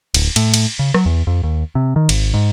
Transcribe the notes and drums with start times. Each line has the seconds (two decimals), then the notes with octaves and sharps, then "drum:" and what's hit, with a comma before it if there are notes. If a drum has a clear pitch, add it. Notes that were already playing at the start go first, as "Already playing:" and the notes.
0.14 D1, drum: cymbal
0.36 A2, drum: cymbal
0.54 drum: cymbal
0.79 C#3
0.94 F#3, drum: rim click
1.06 E2
1.27 F2
1.43 D#2
1.75 C3
1.96 D#3
2.09 G#1, drum: cymbal
2.34 G#2